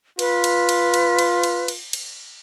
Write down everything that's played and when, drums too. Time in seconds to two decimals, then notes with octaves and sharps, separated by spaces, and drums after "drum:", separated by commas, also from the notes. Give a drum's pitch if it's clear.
0.19 F4 B4, drum: cymbal
0.44 drum: cymbal
0.69 drum: cymbal
0.94 drum: cymbal
1.19 drum: cymbal
1.43 drum: cymbal
1.68 drum: cymbal
1.93 drum: cymbal